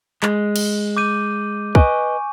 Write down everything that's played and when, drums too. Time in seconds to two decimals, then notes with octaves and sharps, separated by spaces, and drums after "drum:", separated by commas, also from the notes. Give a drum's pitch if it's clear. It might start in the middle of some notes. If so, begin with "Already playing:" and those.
0.23 G#3, drum: clap
0.56 drum: cymbal
0.97 D6 G6 D#7
1.75 B4 D#5 G#5 C#6, drum: kick